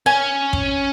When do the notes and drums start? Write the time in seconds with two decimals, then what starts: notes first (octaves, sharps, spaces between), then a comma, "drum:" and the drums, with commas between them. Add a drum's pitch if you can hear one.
0.06 C#4 G#5
0.53 drum: kick